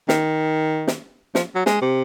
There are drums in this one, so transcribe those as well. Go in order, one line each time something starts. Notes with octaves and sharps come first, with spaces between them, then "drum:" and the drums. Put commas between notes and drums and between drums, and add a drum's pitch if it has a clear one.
D#3, drum: snare
drum: snare
F3, drum: snare
F#3
G#3, drum: snare
C3